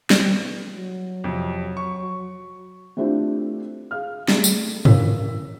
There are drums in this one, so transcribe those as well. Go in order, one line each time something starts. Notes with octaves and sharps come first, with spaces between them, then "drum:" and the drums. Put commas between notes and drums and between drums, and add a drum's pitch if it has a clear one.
B2, drum: snare
F#3
F2 C3
C#6
A3 C4 D4 E4 F4 G4
G#4 F5 F6
A3 G#4, drum: snare
drum: tambourine
A1 A#4 C#5 F5 E6 B6, drum: tom